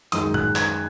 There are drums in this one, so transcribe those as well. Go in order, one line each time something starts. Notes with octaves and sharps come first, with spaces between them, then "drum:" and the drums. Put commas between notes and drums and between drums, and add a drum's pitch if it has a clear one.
F#2 D#3 G#3 D#4 D#6, drum: hi-hat
F#6, drum: tom A2
G#6, drum: clap